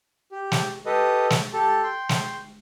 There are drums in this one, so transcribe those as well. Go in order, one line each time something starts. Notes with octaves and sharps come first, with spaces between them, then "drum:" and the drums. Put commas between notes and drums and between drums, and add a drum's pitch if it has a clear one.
G4
drum: snare
G4 A4 B4 D#5
drum: snare
G4 A4 A5
G5 C6
drum: snare